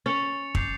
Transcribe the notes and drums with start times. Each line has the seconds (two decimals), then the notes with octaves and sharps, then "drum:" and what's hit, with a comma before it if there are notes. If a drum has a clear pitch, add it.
0.06 C#4 A6 C#7 F7
0.55 D6 G6 C7 F7, drum: kick